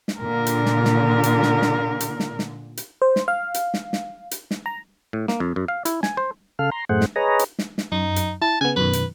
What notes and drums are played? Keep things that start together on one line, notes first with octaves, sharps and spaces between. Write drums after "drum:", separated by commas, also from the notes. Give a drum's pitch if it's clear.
drum: snare
A#2 D3 A#4
drum: hi-hat
drum: snare
drum: snare
drum: hi-hat
drum: snare
drum: snare
drum: hi-hat
drum: snare
drum: snare
drum: hi-hat
C5
drum: snare
F5
drum: hi-hat
drum: snare
drum: snare
drum: hi-hat
drum: snare
A#5
A2
A#3, drum: snare
F2
F#2
F5
E4, drum: hi-hat
G#5, drum: snare
C5
C#3 A4 F5 F6
A#5 C6
F#2 A2 A3 G#4 C5 F#5
drum: snare
G#4 B4 C#5 D#5 A#5
drum: hi-hat
drum: snare
drum: snare
F#2 D#4
drum: hi-hat
E4 A5
C#3 B3 G#5
F#2 B2 D#3 B4
drum: hi-hat